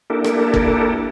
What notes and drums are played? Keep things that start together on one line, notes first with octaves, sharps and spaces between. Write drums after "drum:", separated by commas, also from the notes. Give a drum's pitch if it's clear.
A#3 D4 E4 G4 A4 A#4
drum: rim click
drum: kick